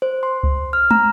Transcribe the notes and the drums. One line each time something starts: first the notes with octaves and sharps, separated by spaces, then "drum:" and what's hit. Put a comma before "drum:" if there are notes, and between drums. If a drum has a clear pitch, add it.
C5
C6
drum: kick C#2
F6
A#5, drum: tom